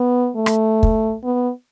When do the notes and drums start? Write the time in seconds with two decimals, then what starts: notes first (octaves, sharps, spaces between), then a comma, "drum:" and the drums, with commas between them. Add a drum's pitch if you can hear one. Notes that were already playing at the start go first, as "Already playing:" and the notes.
Already playing: B3
0.36 A3
0.46 drum: rim click
0.83 drum: kick
1.24 B3